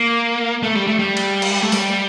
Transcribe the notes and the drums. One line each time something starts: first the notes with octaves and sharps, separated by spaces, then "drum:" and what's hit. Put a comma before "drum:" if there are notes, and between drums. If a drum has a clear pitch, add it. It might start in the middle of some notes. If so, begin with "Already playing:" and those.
Already playing: A#3
A3
G3
A3
G3
drum: cymbal
drum: cymbal
A3
G3, drum: open hi-hat